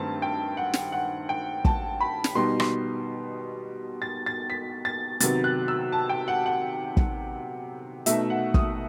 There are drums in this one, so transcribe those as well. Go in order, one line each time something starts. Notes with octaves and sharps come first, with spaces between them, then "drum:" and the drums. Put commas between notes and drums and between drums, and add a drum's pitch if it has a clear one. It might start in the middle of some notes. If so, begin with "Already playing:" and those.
Already playing: G2 D#3 A3 C4 A5
G5
F#5
drum: snare
F#5
G5
A5, drum: kick
B5
drum: snare
B2 G3 B3 D#4 C6
C6, drum: rim click
A6
A6
B6
A6
C3 D#3 F#3 B3 A6, drum: hi-hat
F#6
E6
A5
G5
F#5
F#5
drum: kick
B2 A3 D#4 E5, drum: hi-hat
F#5
D#6, drum: kick